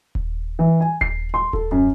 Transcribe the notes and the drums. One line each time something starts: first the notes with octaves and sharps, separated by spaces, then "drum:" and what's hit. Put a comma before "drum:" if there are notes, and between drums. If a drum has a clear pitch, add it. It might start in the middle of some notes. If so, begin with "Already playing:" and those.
drum: kick D#1
E3
G#5
C7, drum: kick D#1
C6
A4, drum: kick D#1
F#2